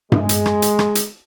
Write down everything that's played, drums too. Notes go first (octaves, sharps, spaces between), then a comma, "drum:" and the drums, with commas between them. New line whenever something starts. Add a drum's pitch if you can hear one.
G#3, drum: tom G2
drum: hi-hat
drum: rim click
drum: hi-hat
drum: rim click
drum: hi-hat